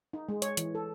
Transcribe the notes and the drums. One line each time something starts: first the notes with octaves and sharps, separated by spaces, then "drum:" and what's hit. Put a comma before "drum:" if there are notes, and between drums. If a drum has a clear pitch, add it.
D#4
G#3
C#5, drum: hi-hat
E3, drum: hi-hat
A4